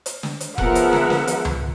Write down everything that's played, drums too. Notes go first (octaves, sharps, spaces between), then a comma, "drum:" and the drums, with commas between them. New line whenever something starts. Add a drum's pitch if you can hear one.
drum: hi-hat
drum: snare
drum: hi-hat
F3 B3 G#4 A#4 E5 F#5, drum: kick E1
drum: hi-hat
drum: snare
drum: snare
drum: hi-hat
drum: tom C#2